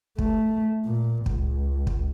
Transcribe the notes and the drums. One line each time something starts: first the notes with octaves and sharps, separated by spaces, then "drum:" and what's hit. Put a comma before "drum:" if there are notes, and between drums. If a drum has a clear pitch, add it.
A3, drum: kick
A#2
C#2, drum: kick
drum: kick